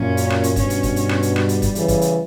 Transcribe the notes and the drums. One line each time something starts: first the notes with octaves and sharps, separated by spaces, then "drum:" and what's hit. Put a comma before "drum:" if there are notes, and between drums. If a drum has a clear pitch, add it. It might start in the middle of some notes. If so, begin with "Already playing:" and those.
Already playing: F#2 A#2 C#4
drum: hi-hat
drum: rim click
drum: hi-hat
G2 B2 C#4, drum: kick, hi-hat
drum: hi-hat
drum: kick, hi-hat
drum: hi-hat
drum: rim click
drum: hi-hat
G3, drum: rim click
drum: hi-hat
drum: kick, hi-hat
C#3 E3, drum: hi-hat
drum: kick, hi-hat
drum: hi-hat